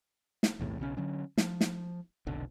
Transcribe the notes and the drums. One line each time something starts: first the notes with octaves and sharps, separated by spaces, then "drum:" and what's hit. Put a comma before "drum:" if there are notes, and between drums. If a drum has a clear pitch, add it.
drum: snare
B1 E2 A2 C3
B1 C#3 C#4
D3 F#3 C#4
F3, drum: snare
drum: snare
F1 B1 D3